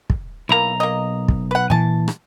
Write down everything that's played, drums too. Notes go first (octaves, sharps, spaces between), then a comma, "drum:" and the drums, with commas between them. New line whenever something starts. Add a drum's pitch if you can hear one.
drum: kick
B1 A#3 E4 A#5
A#3 D#5
drum: kick
B4 F#5
A#2 E3 G#5 A5
drum: rim click